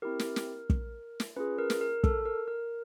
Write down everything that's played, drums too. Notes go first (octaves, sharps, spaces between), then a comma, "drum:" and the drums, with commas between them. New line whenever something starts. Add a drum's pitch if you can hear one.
C4 E4 G4 A#4
drum: snare
drum: snare
drum: kick
drum: snare
C#4 F4 G#4 B4
A#4
drum: snare
A#4
A4, drum: kick
A#4
A#4